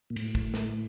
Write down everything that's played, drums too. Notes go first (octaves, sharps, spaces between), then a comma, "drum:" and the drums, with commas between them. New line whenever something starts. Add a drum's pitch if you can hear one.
A#2
A2, drum: cymbal
drum: kick
drum: snare